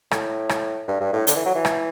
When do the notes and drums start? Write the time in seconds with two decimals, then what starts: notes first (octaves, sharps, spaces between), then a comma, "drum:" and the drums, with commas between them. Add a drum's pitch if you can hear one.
0.11 A2, drum: rim click
0.49 drum: rim click
0.88 G2
1.01 G2
1.13 A2
1.27 D3, drum: hi-hat
1.36 E3
1.46 F#3
1.55 E3
1.65 drum: rim click